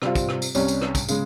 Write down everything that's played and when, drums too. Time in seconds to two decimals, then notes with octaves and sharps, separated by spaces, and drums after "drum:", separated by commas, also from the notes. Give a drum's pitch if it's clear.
0.02 C3 G3 C4 F4, drum: rim click
0.15 drum: kick, tambourine
0.29 drum: rim click
0.42 drum: tambourine
0.55 C2 C3 G3 C#4, drum: tambourine
0.68 drum: tambourine
0.82 drum: rim click
0.95 drum: kick, tambourine
1.09 C#3 G#3, drum: tambourine